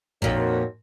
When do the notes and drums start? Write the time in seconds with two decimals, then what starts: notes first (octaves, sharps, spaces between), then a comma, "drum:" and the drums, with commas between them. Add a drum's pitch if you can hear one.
0.22 F2 A#2 D#4 F#4 C#5, drum: kick A#1